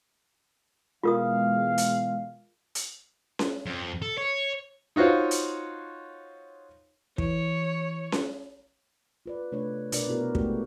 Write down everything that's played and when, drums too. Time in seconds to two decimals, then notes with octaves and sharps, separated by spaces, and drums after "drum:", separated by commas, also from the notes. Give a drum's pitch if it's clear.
1.03 B2 E3 G#3 F4 A#4 F5 D#6
1.78 drum: hi-hat
2.75 drum: hi-hat
3.39 drum: snare C#4
3.66 F2
4.02 A4
4.18 C#5
4.96 D#4 F4 F#4 C5 C#5
5.31 drum: hi-hat
7.18 E3 C#5, drum: kick
8.12 drum: snare C#4
9.26 F4 B4 D5
9.52 C3 A3 D4 B4 C#5
9.92 B2 D4 A#4 B4 D5, drum: hi-hat
10.08 B3 E4 F#4 A#4
10.35 G#3 A3 B3 F#4 G4, drum: kick